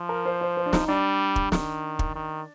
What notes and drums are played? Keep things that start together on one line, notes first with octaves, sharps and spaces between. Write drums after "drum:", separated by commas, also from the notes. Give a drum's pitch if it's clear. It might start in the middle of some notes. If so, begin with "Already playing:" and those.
Already playing: F3
A#4
C5
C5
C5
D4
D#4, drum: snare
G3 D4
drum: kick
D#3, drum: snare
drum: kick
D#3